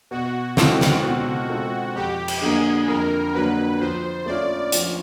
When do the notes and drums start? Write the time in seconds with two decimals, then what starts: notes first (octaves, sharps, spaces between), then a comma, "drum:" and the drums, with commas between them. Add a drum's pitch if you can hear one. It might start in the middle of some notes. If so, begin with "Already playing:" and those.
0.11 B2 F#4
0.57 G#3 C4 F4 F#4 A4, drum: snare
0.81 drum: snare
1.03 B2
1.49 G#3 C4 F4 A4
1.95 F2 G4
2.28 drum: cymbal
2.41 D3 F#3 A#3 G#4
2.87 F2 A#4
3.33 D3 F#3 A#3 B4
3.80 F3 C5
4.26 A3 C#4 F4 D5
4.72 F3, drum: hi-hat